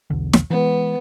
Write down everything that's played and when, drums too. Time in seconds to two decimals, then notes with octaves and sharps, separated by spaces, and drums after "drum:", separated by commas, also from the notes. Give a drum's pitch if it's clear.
0.10 B1 E2 D3
0.33 drum: snare
0.50 E3 G#3 B3